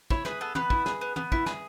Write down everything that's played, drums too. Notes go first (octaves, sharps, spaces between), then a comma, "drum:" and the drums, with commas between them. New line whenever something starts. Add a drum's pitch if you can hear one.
E4 C#5, drum: kick
G#4 B4, drum: snare
B3 A4
B3 B4, drum: tom
E4, drum: kick
G#4, drum: snare
B3
B3, drum: tom
E4, drum: kick
G#4, drum: snare